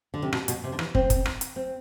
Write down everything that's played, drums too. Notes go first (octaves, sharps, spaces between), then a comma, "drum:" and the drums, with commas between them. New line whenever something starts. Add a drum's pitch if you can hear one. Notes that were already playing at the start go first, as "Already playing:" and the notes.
D3
C3
B2, drum: rim click
B2, drum: hi-hat
C3
D3
E3, drum: rim click
C4, drum: kick
drum: kick, hi-hat
drum: rim click
drum: hi-hat
C4